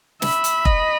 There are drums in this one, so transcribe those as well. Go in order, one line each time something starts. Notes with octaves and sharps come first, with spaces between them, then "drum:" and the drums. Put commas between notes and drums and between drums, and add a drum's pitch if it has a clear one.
E5 B5, drum: snare
drum: hi-hat
D#5, drum: kick F1